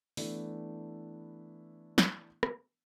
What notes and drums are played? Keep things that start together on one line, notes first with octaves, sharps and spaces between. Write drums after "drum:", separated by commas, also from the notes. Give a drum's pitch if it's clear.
E3 A3 B3 D4 E4, drum: open hi-hat
drum: snare
drum: rim click